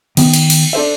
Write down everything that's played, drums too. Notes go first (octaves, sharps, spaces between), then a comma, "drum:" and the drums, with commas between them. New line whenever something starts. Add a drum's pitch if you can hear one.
D#3 B3, drum: cymbal
drum: cymbal
drum: cymbal
D4 A4 C5 E5